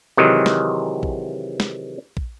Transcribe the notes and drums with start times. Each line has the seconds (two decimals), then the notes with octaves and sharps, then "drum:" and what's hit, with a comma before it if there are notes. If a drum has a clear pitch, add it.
0.17 C3 D#3 E3 F#3 G#3
0.46 drum: snare
1.03 drum: kick A#1
1.60 drum: snare
2.17 drum: kick A#1